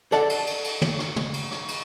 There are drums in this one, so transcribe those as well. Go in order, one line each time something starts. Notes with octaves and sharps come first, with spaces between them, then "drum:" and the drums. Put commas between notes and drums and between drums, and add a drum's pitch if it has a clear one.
A4 D5 F#5 A5, drum: rim click
drum: cymbal
drum: cymbal
drum: cymbal
drum: tom
drum: rim click
drum: tom
drum: cymbal
drum: rim click
drum: cymbal